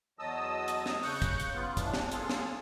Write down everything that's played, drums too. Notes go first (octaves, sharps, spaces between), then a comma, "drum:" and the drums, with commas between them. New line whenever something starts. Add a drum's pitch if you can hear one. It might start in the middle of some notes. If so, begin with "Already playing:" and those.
E2 F#3 D#5 A5 D#6 E6
drum: hi-hat
drum: snare
C#3 C#6 F#6 G6, drum: open hi-hat
drum: kick, hi-hat
drum: hi-hat
C#3 B3 F4
C3 E3 D4, drum: kick, hi-hat
drum: snare
A#3 F4 G#4 A4, drum: hi-hat
drum: snare